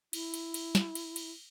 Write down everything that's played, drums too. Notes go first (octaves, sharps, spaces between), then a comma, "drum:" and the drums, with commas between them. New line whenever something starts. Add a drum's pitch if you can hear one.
E4, drum: cymbal
drum: cymbal
drum: cymbal
drum: snare
drum: cymbal
drum: cymbal